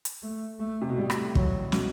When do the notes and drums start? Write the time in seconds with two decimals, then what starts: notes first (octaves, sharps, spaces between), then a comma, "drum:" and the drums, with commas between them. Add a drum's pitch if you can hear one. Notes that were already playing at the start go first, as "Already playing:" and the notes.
0.05 drum: hi-hat
0.23 A3
0.60 A3
0.81 C3
0.89 B2
0.97 A2 G3
1.10 drum: rim click
1.35 F#3, drum: kick
1.72 B2, drum: snare